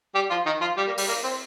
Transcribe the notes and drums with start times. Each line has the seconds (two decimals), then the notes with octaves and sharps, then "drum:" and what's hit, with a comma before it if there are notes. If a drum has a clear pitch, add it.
0.14 G3 G4
0.30 F3 F4
0.46 D#3 D#4
0.61 F3 F4
0.77 G3 G4
0.87 A#3
0.97 G3, drum: open hi-hat
1.08 A#3
1.24 C4